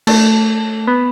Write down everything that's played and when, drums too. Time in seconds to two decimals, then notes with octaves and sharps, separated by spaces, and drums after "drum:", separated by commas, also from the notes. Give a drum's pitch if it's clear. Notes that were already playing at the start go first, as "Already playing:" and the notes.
0.07 A3, drum: cymbal
0.87 B3